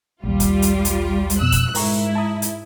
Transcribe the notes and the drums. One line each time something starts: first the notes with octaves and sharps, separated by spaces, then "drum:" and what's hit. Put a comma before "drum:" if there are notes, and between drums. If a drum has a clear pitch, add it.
A#1 D#2 G3 F4
drum: kick, hi-hat
drum: hi-hat
drum: hi-hat
drum: hi-hat
F2 B2 E6 F#6
drum: kick, hi-hat
G#2 E4 A#4 A#5 C#6, drum: open hi-hat
A5 A#5 D#6
drum: hi-hat